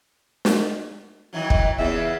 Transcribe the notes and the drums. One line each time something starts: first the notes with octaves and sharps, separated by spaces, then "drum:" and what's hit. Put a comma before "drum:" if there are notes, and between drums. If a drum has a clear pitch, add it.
drum: snare
D#3 E3 F#3
drum: kick
E2 C#3 C#4 E5